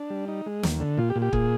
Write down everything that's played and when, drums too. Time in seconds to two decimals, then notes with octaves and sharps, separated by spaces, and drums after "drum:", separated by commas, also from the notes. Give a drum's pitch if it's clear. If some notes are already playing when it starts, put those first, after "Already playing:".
Already playing: D4
0.10 G3
0.28 D#4
0.46 G#3
0.63 D#2, drum: snare
0.80 D3
0.97 A#2 F4
1.10 G4
1.16 A#2
1.22 G4
1.33 A#2 G#4, drum: kick